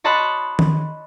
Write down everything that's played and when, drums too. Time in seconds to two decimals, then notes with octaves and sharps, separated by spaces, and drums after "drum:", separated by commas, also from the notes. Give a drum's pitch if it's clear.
0.04 C#5 D#5 A5 B5 C6 F#6
0.59 drum: tom D#3